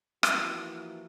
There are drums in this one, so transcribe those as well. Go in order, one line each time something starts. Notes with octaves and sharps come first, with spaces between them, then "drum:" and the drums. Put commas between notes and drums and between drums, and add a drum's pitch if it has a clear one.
E3 F3 A#3 E4 F#4, drum: rim click